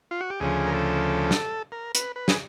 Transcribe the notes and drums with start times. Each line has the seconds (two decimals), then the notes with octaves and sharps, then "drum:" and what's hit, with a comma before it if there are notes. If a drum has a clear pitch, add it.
0.11 F4
0.21 F#4
0.30 G4
0.40 D2 C#3 F3 G#4
0.67 A#4
0.74 A4
1.31 drum: snare
1.72 A#4
1.95 B4, drum: hi-hat
2.16 B4
2.28 G#4, drum: snare